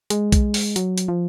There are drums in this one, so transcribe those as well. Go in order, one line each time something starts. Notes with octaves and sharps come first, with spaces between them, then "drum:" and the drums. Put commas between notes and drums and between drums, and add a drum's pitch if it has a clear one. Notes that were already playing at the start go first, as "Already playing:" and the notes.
G#3, drum: hi-hat
drum: kick B1, hi-hat
drum: open hi-hat
F#3, drum: hi-hat
drum: hi-hat
F3